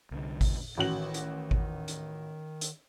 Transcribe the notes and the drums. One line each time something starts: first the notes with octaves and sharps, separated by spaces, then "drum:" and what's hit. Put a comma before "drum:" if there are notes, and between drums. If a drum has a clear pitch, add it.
C2 D3
drum: kick G#1, open hi-hat
A1 D#3 F#4 F#7
drum: hi-hat
drum: kick G#1
drum: hi-hat
drum: hi-hat